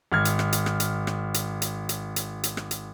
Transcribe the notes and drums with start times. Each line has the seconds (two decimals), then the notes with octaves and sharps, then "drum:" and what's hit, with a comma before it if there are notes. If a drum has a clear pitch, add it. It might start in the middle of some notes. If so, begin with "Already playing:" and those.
0.12 G#1 F6 G#6
0.25 drum: hi-hat
0.39 drum: rim click
0.52 drum: hi-hat
0.66 drum: rim click
0.80 drum: hi-hat
1.07 drum: rim click
1.34 drum: hi-hat
1.62 drum: hi-hat
1.89 drum: hi-hat
2.16 drum: hi-hat
2.43 drum: hi-hat
2.57 drum: rim click
2.71 drum: hi-hat